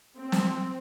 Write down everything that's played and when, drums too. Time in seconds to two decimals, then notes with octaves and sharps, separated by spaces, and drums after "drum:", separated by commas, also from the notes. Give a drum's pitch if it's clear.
0.17 C4
0.32 drum: snare